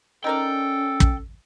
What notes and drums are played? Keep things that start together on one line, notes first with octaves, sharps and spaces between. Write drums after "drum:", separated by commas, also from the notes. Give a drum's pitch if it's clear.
C#4 D#4 A4 A#4 D5 G5
drum: kick